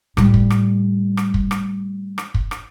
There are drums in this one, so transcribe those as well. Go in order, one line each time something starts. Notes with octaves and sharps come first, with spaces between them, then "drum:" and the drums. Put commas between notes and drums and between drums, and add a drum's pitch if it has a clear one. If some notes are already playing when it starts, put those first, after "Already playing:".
A2 G3, drum: rim click
drum: kick
drum: rim click
drum: rim click
drum: kick
drum: rim click
drum: rim click
drum: kick
drum: rim click